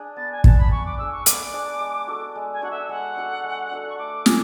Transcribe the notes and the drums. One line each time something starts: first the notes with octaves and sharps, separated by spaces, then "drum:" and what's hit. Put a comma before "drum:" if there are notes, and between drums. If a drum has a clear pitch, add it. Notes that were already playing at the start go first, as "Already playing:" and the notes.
Already playing: D4 G#4 D5
B3 A6
G#5
D4 G#4 D5 A5, drum: kick
B5
B3 C#6
D6
D4 G#4 D5 E6
C#6
B3 D6, drum: hi-hat
D4 G#4 D5
G#3
D4 F#4 A4
G#3
G#5
D4 F#4 A4 F#5
E5
G#3 F#5
D4 F#4 A4
G#3
D4 F#4 A4
C#6
A3 D6
D4 G#4, drum: snare